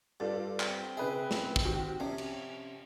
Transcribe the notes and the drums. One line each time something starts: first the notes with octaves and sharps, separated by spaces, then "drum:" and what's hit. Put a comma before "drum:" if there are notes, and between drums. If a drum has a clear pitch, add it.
G2 F4 A4 D5
C4, drum: clap
C#3 G#4 B4 E5
drum: snare
drum: kick
D#3 F#4 G4
C3 F3 C#4
drum: cymbal